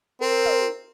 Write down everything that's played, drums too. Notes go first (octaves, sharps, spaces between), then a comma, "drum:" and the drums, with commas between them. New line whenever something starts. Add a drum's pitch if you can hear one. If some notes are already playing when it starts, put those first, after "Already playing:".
C4 A#4
drum: tom